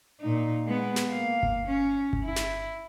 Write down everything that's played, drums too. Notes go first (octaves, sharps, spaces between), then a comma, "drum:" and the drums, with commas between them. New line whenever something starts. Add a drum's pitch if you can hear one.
A#2 D#4
G#3 B3
drum: snare
A#3 F5
drum: kick G1
C#4
drum: kick G1
E4
drum: snare